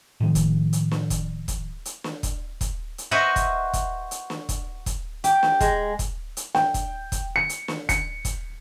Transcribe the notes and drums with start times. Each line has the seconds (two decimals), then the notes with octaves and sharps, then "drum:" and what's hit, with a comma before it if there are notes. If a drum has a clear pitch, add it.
0.20 A2 D#3 F3
0.35 drum: kick, hi-hat
0.73 drum: hi-hat
0.91 drum: snare
1.10 drum: kick, hi-hat
1.48 drum: kick, hi-hat
1.85 drum: hi-hat
2.04 drum: snare
2.23 drum: kick, hi-hat
2.61 drum: kick, hi-hat
2.98 drum: hi-hat
3.11 F#4 B4 C5 D#5 E5 F#5
3.36 drum: kick, hi-hat
3.73 drum: kick, hi-hat
4.11 drum: hi-hat
4.30 drum: snare
4.49 drum: kick, hi-hat
4.86 drum: kick, hi-hat
5.24 G4, drum: hi-hat
5.43 drum: snare
5.61 G#3, drum: kick, hi-hat
5.99 drum: kick, hi-hat
6.37 drum: hi-hat
6.55 G5, drum: snare
6.74 drum: kick, hi-hat
7.12 drum: kick, hi-hat
7.36 C#7
7.49 drum: hi-hat
7.68 drum: snare
7.89 C#7, drum: kick, hi-hat
8.25 drum: kick, hi-hat